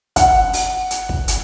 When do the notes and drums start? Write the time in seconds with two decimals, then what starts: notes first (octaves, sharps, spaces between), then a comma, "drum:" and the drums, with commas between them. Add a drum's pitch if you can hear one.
0.16 F#5, drum: kick, hi-hat
0.53 drum: open hi-hat
0.91 drum: hi-hat
1.09 drum: kick
1.28 drum: hi-hat